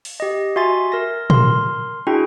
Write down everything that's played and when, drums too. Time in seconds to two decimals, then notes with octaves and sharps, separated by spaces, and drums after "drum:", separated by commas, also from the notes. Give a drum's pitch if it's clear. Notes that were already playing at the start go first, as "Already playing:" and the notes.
0.05 drum: open hi-hat
0.20 G4 D#5
0.56 F#4 E5 G#5 C6 A6
0.92 A#4 A#6
1.30 A#4 C6, drum: tom
2.07 D4 E4 F#4 G#4 G5